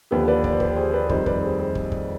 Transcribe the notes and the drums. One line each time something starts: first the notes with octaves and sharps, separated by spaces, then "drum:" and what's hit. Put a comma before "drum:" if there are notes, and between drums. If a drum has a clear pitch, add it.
D#2 D3 F3 G4 B4
B4 D5
D5, drum: kick
C5
G4 B4, drum: kick
G#4 C5
B4 D5
F2 D#3 G3 C5 D#5, drum: kick
B4 D5, drum: kick
G#4 C5
G#4 C5
drum: kick
drum: kick